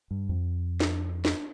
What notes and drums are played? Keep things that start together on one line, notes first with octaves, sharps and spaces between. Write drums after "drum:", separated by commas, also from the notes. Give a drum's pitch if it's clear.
G2
F2
drum: snare
drum: snare